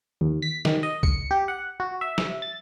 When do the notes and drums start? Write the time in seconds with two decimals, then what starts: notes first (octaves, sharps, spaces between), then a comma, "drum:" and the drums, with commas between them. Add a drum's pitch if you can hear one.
0.21 D#2
0.42 B6
0.65 D#3, drum: snare
0.83 D#5
1.03 C#7, drum: kick C2
1.31 G4
1.48 F#5
1.80 F#4
2.01 E5
2.18 drum: snare
2.42 A6